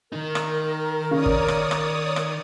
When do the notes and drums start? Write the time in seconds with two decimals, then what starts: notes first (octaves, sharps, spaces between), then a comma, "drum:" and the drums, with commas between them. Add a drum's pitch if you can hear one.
0.13 D#3 D#4 A#4
0.35 drum: rim click
1.11 C#3 C#5 D5 D#6
1.26 drum: kick
1.48 drum: rim click
1.71 drum: rim click
2.16 drum: rim click